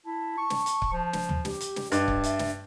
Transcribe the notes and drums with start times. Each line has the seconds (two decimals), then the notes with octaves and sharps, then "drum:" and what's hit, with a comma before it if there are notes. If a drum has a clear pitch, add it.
0.06 E4 A5
0.38 C#6
0.50 drum: snare
0.66 drum: hi-hat
0.82 drum: kick C#1
0.93 F3
1.13 drum: snare
1.29 drum: tom
1.45 G4, drum: snare
1.60 drum: hi-hat
1.76 drum: snare
1.92 G2 D#5 A5, drum: hi-hat
2.08 drum: kick C#1
2.23 E5, drum: hi-hat
2.39 drum: snare